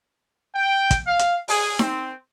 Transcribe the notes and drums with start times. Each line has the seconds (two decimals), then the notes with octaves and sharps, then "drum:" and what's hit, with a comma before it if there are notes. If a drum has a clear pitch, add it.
0.55 G5
0.91 drum: kick, hi-hat
1.06 F5
1.19 drum: hi-hat
1.48 G#4, drum: open hi-hat
1.79 C4, drum: snare D#4